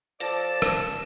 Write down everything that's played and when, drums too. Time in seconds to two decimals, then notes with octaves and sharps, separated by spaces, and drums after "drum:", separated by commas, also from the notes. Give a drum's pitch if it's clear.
0.20 F3 A4 D5 A5 A#6 E7, drum: hi-hat
0.62 drum: rim click